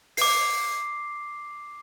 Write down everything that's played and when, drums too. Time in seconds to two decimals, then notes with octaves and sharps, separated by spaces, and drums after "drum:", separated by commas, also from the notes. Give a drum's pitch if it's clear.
0.17 D6 C7, drum: open hi-hat